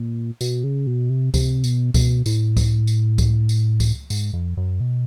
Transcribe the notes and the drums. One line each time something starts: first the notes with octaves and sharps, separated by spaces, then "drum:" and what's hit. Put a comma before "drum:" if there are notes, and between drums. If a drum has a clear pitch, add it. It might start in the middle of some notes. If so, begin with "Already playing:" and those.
Already playing: A#2
B2, drum: tambourine
C#3
B2
C3
C3, drum: kick C#2, tambourine
B2, drum: tambourine
B2, drum: kick C#2, tambourine
A2, drum: tambourine
drum: kick C#2, tambourine
drum: tambourine
drum: kick C#2, tambourine
drum: tambourine
drum: kick C#2, tambourine
G#2, drum: tambourine
F2
F#2
B2